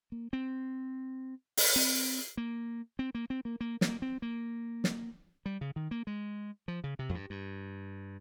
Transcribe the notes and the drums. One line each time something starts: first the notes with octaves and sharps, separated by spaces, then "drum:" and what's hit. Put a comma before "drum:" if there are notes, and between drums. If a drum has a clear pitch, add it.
A#3
C4
drum: open hi-hat
C4
A#3
C4
A#3
C4
A#3
A#3
A#3, drum: snare
C4
A#3
drum: snare
G3
C#3
D#3
A#3
G#3
F3
C#3
C3
F2
G2
G2